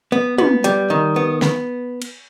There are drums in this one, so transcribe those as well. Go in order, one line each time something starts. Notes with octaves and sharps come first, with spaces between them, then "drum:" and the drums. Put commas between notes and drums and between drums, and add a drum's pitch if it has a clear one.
B3
B3, drum: tom
G3, drum: hi-hat
D#3
B3
B3, drum: snare
drum: cymbal